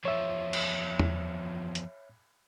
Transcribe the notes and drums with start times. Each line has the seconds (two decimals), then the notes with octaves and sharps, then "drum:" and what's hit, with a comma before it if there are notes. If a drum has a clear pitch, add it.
0.05 E2 F3 C#5 E5
0.53 drum: cymbal
0.99 drum: tom E2
1.75 drum: hi-hat